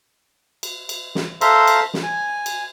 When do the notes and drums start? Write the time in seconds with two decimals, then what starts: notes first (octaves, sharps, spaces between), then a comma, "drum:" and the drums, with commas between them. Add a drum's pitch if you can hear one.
0.63 drum: cymbal
0.89 drum: cymbal
1.15 drum: snare
1.41 A4 C5 E5 F5 A#5 C6, drum: cymbal
1.68 drum: cymbal
1.94 drum: snare
2.03 G#5
2.46 drum: cymbal